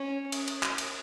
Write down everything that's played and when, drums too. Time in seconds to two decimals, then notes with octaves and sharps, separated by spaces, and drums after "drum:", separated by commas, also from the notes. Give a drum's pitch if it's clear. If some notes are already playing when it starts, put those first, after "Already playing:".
Already playing: C#4
0.32 drum: cymbal
0.48 drum: cymbal
0.63 drum: clap
0.78 drum: cymbal